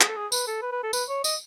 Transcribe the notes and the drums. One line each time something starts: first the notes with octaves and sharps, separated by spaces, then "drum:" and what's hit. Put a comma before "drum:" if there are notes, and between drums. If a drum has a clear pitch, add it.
G#4, drum: clap
A4
G#4
B4, drum: tambourine
A4
B4
B4
A4
B4, drum: tambourine
C#5
D#5, drum: tambourine